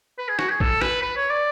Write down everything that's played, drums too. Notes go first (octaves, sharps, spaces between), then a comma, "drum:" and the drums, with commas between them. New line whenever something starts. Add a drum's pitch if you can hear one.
B4
G#4
F#4, drum: rim click
G#4
A4, drum: kick
B4, drum: rim click
B4
C#5
D5